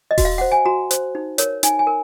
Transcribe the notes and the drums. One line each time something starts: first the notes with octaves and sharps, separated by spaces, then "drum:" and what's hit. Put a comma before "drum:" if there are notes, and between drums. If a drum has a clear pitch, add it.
D#5
F#4, drum: kick D#1, open hi-hat
F5
C5 F#5
G#5
F#4 A#5
C5, drum: hi-hat
D#4
A#4 C#5, drum: hi-hat
D#4 G#5, drum: hi-hat
G#5
A#4